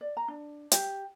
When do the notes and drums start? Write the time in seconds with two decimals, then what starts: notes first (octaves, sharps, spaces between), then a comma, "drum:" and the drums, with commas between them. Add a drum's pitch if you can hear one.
0.01 D5
0.17 A#5
0.28 D4
0.72 G4, drum: hi-hat